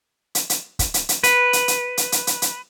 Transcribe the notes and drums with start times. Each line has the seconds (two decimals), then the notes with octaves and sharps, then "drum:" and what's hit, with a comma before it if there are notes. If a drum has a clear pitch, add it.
0.35 drum: hi-hat
0.50 drum: hi-hat
0.79 drum: kick, hi-hat
0.94 drum: hi-hat
1.09 drum: hi-hat
1.24 B4, drum: hi-hat
1.53 drum: hi-hat
1.68 drum: hi-hat
1.97 drum: hi-hat
2.12 drum: hi-hat
2.27 drum: hi-hat
2.42 drum: hi-hat